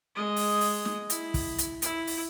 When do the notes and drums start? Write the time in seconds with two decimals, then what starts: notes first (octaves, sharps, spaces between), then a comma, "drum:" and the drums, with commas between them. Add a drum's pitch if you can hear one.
0.16 G#3 D#5
0.36 drum: open hi-hat
0.61 drum: open hi-hat
0.85 drum: snare
1.10 E4, drum: hi-hat
1.34 drum: kick, open hi-hat
1.58 drum: hi-hat
1.82 E4, drum: hi-hat
2.07 drum: open hi-hat